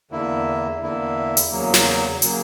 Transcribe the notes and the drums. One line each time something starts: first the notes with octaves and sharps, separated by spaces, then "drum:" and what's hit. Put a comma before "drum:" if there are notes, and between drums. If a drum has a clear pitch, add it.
E2 D3 A#3 E4
E2 D3 A#3 E4
drum: hi-hat
E2 C#3 F#3 A#3
drum: snare
C#3 F#3 A#3, drum: hi-hat